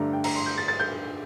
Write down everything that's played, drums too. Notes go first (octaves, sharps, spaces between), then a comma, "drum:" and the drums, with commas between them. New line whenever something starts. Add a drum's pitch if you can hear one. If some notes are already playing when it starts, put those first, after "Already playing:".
Already playing: G2 D3 A3 A#5
G5
A#5, drum: cymbal
C6
G6
A6
A6
G6